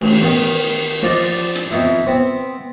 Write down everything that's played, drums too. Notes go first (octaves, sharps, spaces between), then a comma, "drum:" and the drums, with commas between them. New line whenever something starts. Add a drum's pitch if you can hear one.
A1, drum: cymbal
D#3 B3
F3 D5 D#5, drum: snare
drum: hi-hat
F2 B3 D#4 E4
B3 C4